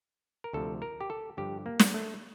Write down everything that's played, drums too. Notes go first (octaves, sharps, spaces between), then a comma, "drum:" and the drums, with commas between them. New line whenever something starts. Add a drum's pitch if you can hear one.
A#4
D2 C3 F3 A4
A#4
G4
A4
G2 D3 F3 G4
A#3
drum: snare
A3